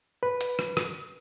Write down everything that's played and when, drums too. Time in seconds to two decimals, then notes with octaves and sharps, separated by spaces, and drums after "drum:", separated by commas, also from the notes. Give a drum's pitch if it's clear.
0.23 B4
0.41 drum: hi-hat
0.59 drum: rim click
0.77 drum: rim click